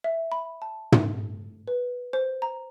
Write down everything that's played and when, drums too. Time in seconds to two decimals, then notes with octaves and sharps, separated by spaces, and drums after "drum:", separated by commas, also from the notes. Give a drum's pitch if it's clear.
0.04 E5
0.32 B5
0.62 A5
0.92 drum: tom
1.68 B4
2.13 C5
2.42 A#5